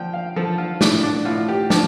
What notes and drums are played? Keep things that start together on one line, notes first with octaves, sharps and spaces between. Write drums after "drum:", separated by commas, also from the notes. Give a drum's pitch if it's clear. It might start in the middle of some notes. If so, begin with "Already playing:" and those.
Already playing: F3 G5
F5
F3 A4
F4
A2 D4, drum: snare
D4
A2 F4
G4
F3 D4, drum: snare